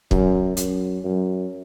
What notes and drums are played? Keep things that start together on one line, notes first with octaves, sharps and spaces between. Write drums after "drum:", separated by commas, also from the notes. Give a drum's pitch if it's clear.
F#2, drum: kick
F#2, drum: hi-hat
F#2